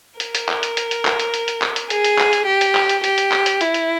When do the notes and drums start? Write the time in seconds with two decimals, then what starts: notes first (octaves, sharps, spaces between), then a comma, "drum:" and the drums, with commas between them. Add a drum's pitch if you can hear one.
0.20 A#4, drum: hi-hat
0.35 drum: hi-hat
0.49 drum: clap
0.63 drum: hi-hat
0.77 drum: hi-hat
0.91 drum: hi-hat
1.05 drum: clap
1.20 drum: hi-hat
1.34 drum: hi-hat
1.48 drum: hi-hat
1.62 drum: clap
1.76 drum: hi-hat
1.90 G#4, drum: hi-hat
2.04 drum: hi-hat
2.19 drum: clap
2.33 drum: hi-hat
2.46 G4
2.61 drum: hi-hat
2.75 drum: clap
2.89 drum: hi-hat
3.04 G4, drum: hi-hat
3.18 drum: hi-hat
3.32 drum: clap
3.46 drum: hi-hat
3.61 E4, drum: hi-hat
3.74 drum: hi-hat